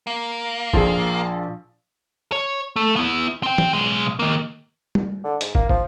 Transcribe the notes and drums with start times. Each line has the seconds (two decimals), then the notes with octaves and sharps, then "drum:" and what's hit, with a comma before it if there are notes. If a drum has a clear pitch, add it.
0.07 A#3
0.73 A#1 F3 F4 G#4, drum: kick
2.32 C#5
2.76 A3
2.96 B3 E4
3.43 C4 G5
3.58 drum: tom E3
3.73 B1 G#3
4.19 D#3 A#3
4.95 drum: tom
5.24 D3
5.41 G#2, drum: hi-hat
5.55 A#3, drum: kick
5.69 F3, drum: kick